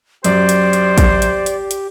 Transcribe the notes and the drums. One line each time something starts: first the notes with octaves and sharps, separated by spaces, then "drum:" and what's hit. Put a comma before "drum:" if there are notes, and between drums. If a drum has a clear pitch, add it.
F#2 G4 C5 D5, drum: hi-hat
drum: hi-hat
drum: hi-hat
drum: kick, hi-hat
drum: hi-hat
drum: hi-hat
drum: hi-hat